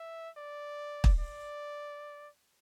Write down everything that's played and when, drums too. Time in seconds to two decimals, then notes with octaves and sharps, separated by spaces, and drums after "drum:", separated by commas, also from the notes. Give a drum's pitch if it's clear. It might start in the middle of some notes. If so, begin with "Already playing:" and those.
Already playing: E5
0.37 D5
1.04 drum: kick
1.19 D5